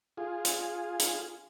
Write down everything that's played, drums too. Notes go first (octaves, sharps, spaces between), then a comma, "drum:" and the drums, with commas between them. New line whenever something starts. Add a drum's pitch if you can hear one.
F4 G#4
drum: hi-hat
drum: hi-hat